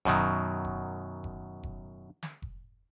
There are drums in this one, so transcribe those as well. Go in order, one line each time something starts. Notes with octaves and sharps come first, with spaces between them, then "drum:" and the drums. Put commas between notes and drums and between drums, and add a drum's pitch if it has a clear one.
F#2 B2 D#3 F#3, drum: kick F1
drum: kick F1
drum: kick F1
drum: kick F1
drum: snare
drum: kick F1